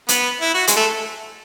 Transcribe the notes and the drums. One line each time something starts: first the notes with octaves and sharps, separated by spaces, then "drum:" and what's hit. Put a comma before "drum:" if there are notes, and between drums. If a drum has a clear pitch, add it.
B3, drum: hi-hat
E4
F#4
G#3, drum: hi-hat
A3